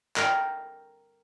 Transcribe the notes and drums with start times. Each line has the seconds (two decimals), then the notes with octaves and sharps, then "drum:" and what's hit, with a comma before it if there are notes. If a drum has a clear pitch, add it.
0.16 A#4 G5, drum: clap